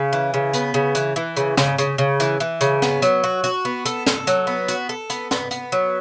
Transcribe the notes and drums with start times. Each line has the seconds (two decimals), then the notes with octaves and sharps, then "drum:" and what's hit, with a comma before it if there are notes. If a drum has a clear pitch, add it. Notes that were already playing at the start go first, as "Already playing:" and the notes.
Already playing: C#3
0.13 E3
0.34 C#3
0.53 B3, drum: hi-hat
0.74 C#3
0.95 E3, drum: hi-hat
1.16 E3
1.37 C#3, drum: hi-hat
1.57 C#3, drum: snare
1.78 C#3, drum: hi-hat
1.98 C#3
2.20 E3, drum: hi-hat
2.40 E3
2.61 C#3, drum: hi-hat
2.82 B3, drum: snare
3.02 F#3, drum: hi-hat
3.24 F#4
3.44 F#4, drum: hi-hat
3.65 B3
3.86 A4, drum: hi-hat
4.06 A4, drum: snare
4.27 F#3, drum: hi-hat
4.47 B3
4.68 F#4, drum: hi-hat
4.89 A4
5.10 B3, drum: hi-hat
5.31 B3, drum: snare
5.51 B3, drum: hi-hat
5.72 F#3